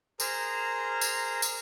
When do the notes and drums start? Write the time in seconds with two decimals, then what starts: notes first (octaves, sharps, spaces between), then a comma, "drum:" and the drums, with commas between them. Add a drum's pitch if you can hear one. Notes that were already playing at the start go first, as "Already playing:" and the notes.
0.20 G#4 A#4 C5 A#5, drum: tambourine
1.01 drum: tambourine
1.42 drum: tambourine